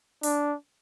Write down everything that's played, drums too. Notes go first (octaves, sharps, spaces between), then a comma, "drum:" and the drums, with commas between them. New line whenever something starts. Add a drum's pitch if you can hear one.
D4, drum: open hi-hat